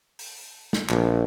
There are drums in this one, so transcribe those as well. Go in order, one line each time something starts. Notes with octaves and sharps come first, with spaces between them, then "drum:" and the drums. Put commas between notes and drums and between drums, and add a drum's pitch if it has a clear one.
drum: open hi-hat
drum: snare
A#1, drum: clap